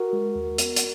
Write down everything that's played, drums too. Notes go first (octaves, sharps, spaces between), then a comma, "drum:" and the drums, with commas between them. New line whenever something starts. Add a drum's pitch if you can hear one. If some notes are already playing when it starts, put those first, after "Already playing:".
Already playing: F#4 A#4
G#3
D#2
B3, drum: hi-hat
drum: hi-hat